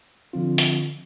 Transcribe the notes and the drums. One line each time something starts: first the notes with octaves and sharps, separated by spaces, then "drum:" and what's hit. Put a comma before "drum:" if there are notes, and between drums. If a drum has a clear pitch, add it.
D3 F3 C4 F4
drum: hi-hat